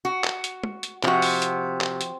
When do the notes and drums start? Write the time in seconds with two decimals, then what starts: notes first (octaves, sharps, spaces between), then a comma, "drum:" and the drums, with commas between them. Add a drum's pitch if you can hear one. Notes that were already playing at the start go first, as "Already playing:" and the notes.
0.05 F#4
0.24 drum: clap
0.44 drum: hi-hat
0.64 drum: tom
0.83 drum: hi-hat
1.04 C3 F3 F#4, drum: clap
1.22 drum: open hi-hat
1.42 drum: hi-hat
1.81 drum: clap
2.01 drum: hi-hat